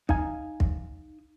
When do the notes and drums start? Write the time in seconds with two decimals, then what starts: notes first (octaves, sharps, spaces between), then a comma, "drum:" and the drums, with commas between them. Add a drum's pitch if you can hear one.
0.09 D#4 F5 G#5, drum: kick
0.60 drum: kick